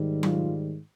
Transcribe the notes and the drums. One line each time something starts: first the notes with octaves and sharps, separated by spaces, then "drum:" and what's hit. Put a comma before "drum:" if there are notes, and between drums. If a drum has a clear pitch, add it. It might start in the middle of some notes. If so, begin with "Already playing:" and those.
Already playing: G#2 D#3 G3
F4, drum: tom F#3